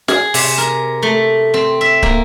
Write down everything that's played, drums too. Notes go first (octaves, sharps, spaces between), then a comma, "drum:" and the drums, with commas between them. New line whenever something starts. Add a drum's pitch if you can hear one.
G#4, drum: snare
C3, drum: open hi-hat
A#4
A3
C4
E5
A#3, drum: kick